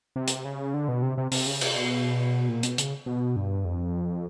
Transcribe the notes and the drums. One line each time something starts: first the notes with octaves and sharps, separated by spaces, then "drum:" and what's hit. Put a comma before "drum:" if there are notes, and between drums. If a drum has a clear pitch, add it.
C3
drum: hi-hat
C#3
D3
B2
C3
C3
C3, drum: open hi-hat
C#3
C3, drum: cymbal
B2
A#2
B2, drum: hi-hat
C#3, drum: hi-hat
B2
G2
F2